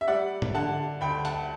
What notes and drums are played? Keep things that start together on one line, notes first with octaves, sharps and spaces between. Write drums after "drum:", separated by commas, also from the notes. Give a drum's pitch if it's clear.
E5
G3 D5 F#5
drum: tom G#2
D3 F#5 A5
D2 G5 B5
F#5 A5, drum: hi-hat